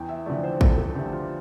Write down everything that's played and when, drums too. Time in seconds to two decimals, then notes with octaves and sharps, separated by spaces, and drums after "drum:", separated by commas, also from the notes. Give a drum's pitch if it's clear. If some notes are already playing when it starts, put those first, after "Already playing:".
Already playing: E2 G5
0.09 E5
0.26 D3 F3 A3 D5
0.43 C5
0.61 E2 A4, drum: kick G#1
0.78 A4
0.95 D3 F3 A3 G4
1.13 F4